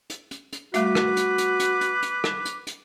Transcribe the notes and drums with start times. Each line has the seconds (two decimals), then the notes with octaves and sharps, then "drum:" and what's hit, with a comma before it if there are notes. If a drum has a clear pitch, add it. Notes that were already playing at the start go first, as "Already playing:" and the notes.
0.10 drum: hi-hat
0.31 drum: hi-hat
0.53 drum: hi-hat
0.74 G3 A3 F#4 B4 E5 D6, drum: hi-hat
0.95 drum: rim click
1.17 drum: hi-hat
1.38 drum: hi-hat
1.60 drum: hi-hat
1.81 drum: hi-hat
2.02 drum: hi-hat
2.24 drum: rim click
2.45 drum: hi-hat
2.67 drum: hi-hat